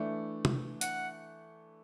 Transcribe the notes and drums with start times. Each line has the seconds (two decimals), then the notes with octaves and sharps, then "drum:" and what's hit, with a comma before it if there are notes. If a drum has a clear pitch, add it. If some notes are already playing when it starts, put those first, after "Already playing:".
Already playing: E3 A3 D4
0.45 drum: tom
0.81 F#5, drum: hi-hat